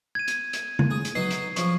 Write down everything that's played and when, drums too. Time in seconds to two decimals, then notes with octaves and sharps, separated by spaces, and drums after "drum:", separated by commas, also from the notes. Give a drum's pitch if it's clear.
0.15 G#6 D#7
0.28 drum: hi-hat
0.53 drum: hi-hat
0.79 drum: tom C#3
0.91 G#4
1.05 drum: hi-hat
1.15 F#3 D#4 B4 C7
1.31 drum: hi-hat
1.56 C#3 F3 C#6, drum: hi-hat